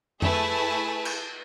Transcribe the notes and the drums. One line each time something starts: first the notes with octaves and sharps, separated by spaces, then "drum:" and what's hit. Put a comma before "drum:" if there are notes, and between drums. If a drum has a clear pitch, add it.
A3 E4 G#4 B4 G#5 A5, drum: tom F2
drum: cymbal